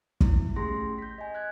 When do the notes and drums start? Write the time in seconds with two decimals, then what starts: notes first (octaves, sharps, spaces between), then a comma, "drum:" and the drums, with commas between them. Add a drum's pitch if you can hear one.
0.21 E4, drum: kick
0.56 A3 C#4 G4 G#4 C6 A#6
0.99 G6 B6
1.18 D#5 G#5
1.34 G#5 F#6 G#6